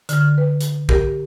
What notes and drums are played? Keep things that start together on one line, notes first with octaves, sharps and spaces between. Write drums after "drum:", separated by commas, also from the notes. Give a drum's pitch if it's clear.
D3 F6, drum: hi-hat
B4
drum: hi-hat
G4 A#4, drum: kick